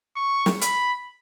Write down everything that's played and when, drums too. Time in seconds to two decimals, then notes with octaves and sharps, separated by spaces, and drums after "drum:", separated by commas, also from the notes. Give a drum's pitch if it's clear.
0.16 C#6
0.46 drum: snare
0.61 B5, drum: hi-hat